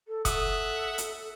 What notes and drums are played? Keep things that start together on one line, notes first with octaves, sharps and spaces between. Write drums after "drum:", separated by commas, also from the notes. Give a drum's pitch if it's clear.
A4
A4 E5 F#5 D#6, drum: kick F1, hi-hat
drum: hi-hat